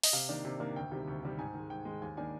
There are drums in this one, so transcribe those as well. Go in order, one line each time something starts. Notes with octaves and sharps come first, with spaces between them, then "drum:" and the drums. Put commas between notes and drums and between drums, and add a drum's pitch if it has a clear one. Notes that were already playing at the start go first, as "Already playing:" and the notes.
D#5, drum: open hi-hat
C3 F5
D#3 A#3 D4
C3
D#3 A#3 D4
D2 G5
C3 D#3 G3
D2
C3 D#3 G3
G#2 G#5
D#3 G#3
G#2 G5
D#3 G#3
D#2 G#5
D#3 A#3 D4 G#5